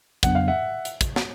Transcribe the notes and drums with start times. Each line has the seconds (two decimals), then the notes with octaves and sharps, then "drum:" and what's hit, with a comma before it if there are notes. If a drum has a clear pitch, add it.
0.23 F2 C#3 F#3 B3 D4 F#5, drum: kick, hi-hat
0.35 F5
0.48 E5 F#5
0.85 drum: hi-hat
1.01 drum: kick, hi-hat
1.16 drum: snare